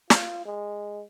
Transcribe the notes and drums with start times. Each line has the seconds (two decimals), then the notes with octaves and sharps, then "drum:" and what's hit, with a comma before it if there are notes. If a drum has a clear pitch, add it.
0.10 F4, drum: snare
0.45 G#3